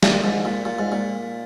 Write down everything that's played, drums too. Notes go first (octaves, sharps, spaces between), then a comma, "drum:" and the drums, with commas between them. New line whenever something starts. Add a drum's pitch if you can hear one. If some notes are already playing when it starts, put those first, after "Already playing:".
A#2, drum: snare
G#2
A#2
A#2
G#2
A#2